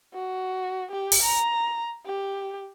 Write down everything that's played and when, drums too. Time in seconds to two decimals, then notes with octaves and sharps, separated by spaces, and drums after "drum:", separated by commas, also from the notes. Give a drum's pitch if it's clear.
0.14 F#4
0.91 G4
1.12 drum: open hi-hat
1.22 A#5
2.06 G4